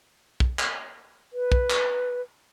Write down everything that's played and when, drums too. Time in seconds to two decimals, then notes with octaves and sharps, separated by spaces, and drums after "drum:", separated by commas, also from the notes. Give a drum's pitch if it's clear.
0.40 drum: kick
0.59 drum: clap
1.33 B4
1.52 drum: kick
1.70 drum: clap